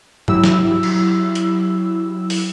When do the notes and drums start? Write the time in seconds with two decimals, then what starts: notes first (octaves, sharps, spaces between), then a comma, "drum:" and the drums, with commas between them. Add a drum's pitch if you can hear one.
0.28 F#3 E4 G4 E6, drum: tom G2
0.44 drum: snare
0.83 drum: cymbal
1.35 drum: hi-hat
2.30 drum: open hi-hat